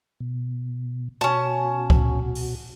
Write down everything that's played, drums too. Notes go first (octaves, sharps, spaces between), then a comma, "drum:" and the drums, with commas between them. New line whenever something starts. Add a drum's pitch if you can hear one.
B2
B2 C#4 F#4 A5
drum: kick C#2
drum: open hi-hat